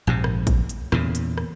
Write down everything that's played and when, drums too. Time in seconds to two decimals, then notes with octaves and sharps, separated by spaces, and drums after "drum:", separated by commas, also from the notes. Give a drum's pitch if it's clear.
0.07 A#1 G#2 C3
0.24 drum: rim click
0.47 drum: kick, hi-hat
0.69 drum: hi-hat
0.92 E2 A#2 C#3, drum: rim click
1.15 drum: hi-hat
1.37 drum: rim click